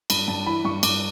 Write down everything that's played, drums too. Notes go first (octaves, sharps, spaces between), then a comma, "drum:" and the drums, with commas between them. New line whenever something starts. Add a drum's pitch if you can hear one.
G2 B5, drum: cymbal
G2 A5
E3 B5
G2 C#6
G2 D6, drum: cymbal